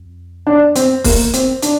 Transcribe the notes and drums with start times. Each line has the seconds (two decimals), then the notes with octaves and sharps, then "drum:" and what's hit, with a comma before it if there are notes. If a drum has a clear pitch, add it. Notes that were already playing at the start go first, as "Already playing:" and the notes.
Already playing: F2
0.47 D4
0.76 C4, drum: hi-hat
1.04 A#3, drum: kick, open hi-hat
1.34 C4, drum: hi-hat
1.62 D4, drum: hi-hat